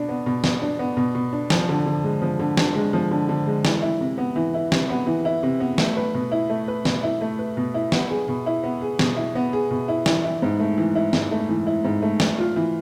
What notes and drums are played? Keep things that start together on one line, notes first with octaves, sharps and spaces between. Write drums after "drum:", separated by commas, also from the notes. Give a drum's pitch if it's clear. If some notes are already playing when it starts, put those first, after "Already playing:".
Already playing: B2 D4
B3
B2
B2, drum: snare
D4
B3
B2
B2
D4
F3, drum: snare
D3
D3
G#3
F3
D3
D3, drum: snare
G#3
F3
D3
D3
G#3
E3, drum: snare
E4
C3
B3
E3
E4
C3, drum: snare
B3
E3
E4
C3
B3
A3, drum: snare
B4
B2
E4
A3
B4
B2, drum: snare
E4
A3
B4
B2
E4
B3, drum: snare
G#4
B2
E4
B3
G#4
B2, drum: snare
E4
B3
G#4
B2
E4
E3, drum: snare
E4
G#2
A3
E3
E4
G#2, drum: snare
A3
E3
E4
G#2
A3
A3, drum: snare
F4
E3